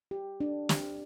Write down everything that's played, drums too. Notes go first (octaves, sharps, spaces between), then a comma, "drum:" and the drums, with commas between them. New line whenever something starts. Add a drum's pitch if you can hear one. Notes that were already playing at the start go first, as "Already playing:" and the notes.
G4
D4
G4, drum: snare